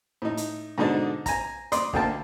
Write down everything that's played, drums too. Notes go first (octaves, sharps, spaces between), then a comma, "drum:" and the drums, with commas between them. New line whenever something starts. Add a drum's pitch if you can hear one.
A2 D#4
drum: hi-hat
G#2 B2 D3 D4 D#4
G#5 A#5, drum: kick, hi-hat
D5 C6 D#6, drum: hi-hat
D2 D3 A#3 G5 A5, drum: kick